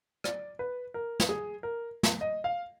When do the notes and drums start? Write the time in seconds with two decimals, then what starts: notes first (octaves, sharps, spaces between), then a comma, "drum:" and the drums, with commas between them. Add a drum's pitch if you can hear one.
0.24 D5, drum: rim click
0.59 B4
0.94 A#4
1.20 drum: snare
1.29 G#4
1.63 A#4
2.03 drum: snare
2.21 D#5
2.44 F5